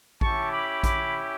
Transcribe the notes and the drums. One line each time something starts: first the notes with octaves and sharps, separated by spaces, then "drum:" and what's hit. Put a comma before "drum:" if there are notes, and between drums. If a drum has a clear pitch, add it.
C#4 E4 G4 A5 C#6, drum: kick A1
B5 D6
B5 D6, drum: kick A1, hi-hat